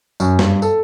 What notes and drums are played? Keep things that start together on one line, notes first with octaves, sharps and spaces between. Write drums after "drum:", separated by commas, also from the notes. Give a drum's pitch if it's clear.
F#2, drum: tambourine
G2, drum: snare
A4, drum: tambourine